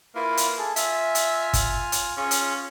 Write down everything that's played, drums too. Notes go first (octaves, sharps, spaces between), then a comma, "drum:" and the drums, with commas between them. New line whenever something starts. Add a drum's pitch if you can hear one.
A#3 E4 F4 B4
drum: hi-hat
G#4 A4
F4 E5 G#5 F6, drum: hi-hat
drum: hi-hat
drum: kick G1, hi-hat
drum: hi-hat
C#4 F4 G#4
drum: hi-hat